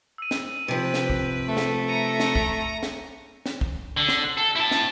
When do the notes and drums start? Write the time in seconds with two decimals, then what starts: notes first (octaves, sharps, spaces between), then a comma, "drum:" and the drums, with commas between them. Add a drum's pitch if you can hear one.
0.18 E6 D#7
0.31 drum: snare
0.68 C3 F3 B4 D7
0.94 drum: snare
1.10 drum: kick
1.48 A3
1.57 drum: snare
1.89 A#5 C#7 D#7
2.20 drum: snare
2.35 drum: kick
2.83 drum: snare
3.46 drum: snare
3.61 drum: kick
3.97 D3
4.08 drum: snare
4.37 A4
4.56 E4 A5
4.71 drum: snare